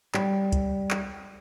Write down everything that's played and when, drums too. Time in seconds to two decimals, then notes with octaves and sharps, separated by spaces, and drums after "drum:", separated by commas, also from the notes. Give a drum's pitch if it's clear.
0.14 G3, drum: clap
0.52 drum: kick C2, hi-hat
0.91 drum: clap